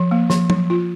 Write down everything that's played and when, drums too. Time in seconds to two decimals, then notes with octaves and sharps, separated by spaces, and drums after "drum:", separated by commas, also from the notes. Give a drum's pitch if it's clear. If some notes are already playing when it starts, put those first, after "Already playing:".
Already playing: F3
0.11 A#3
0.30 F3, drum: snare
0.50 F3, drum: tom
0.70 F4